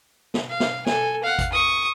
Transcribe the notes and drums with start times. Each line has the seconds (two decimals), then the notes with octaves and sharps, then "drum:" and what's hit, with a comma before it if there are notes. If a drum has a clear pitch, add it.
0.34 drum: snare
0.49 F5
0.60 drum: snare
0.86 A4 G#5, drum: snare
1.23 F5 F#5
1.39 drum: kick, hi-hat
1.53 C#6 D#6